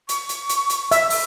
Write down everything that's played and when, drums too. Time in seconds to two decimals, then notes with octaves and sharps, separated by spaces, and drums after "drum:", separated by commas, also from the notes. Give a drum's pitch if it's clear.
0.09 C#6, drum: hi-hat
0.29 drum: hi-hat
0.49 drum: hi-hat
0.70 drum: hi-hat
0.91 E5, drum: hi-hat
1.10 drum: open hi-hat